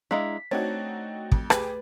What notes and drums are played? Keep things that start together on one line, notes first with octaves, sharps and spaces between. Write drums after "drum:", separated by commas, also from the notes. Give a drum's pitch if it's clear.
G#3 D4 E4 D#5 F5 A#5 B6
A3 C4 D4 D#4 F#4 C#5 A6
F2, drum: kick
G4 G#4 B4, drum: rim click